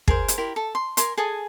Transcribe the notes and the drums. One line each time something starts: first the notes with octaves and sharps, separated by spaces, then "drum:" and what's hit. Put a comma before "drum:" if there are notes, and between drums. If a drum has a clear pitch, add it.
G#4 A#4 C5, drum: kick
drum: hi-hat
E4 G4 A#4 C6
A4
C6
A#4 G#5 C6, drum: hi-hat
G#4 A4 G#5 D#6